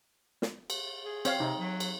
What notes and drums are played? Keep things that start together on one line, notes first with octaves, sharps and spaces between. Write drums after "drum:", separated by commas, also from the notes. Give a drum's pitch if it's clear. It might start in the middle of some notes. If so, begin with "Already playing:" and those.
drum: snare
drum: cymbal
G#4
C4 C#5 F5, drum: cymbal
C3 D#4
F#3
drum: cymbal